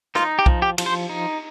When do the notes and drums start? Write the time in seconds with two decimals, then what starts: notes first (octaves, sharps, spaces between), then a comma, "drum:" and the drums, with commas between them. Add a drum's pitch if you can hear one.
0.15 D#4 F4, drum: rim click
0.39 G4
0.46 F3, drum: kick B1
0.62 G4
0.78 F3, drum: cymbal
0.86 C5
1.09 D#4